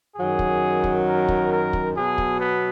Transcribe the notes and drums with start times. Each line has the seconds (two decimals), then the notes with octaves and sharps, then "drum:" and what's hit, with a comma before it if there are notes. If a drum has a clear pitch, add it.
0.16 F#2 D#3 F#3 G#4
0.39 drum: kick
0.84 drum: kick
1.06 A#4
1.28 drum: kick
1.51 A#4
1.73 drum: kick
1.95 B2 F#3 G#4
2.18 drum: kick
2.40 B3